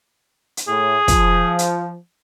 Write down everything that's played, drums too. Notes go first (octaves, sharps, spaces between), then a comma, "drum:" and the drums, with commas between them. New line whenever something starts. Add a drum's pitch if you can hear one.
drum: hi-hat
A2 G#4
F3, drum: kick, hi-hat
drum: hi-hat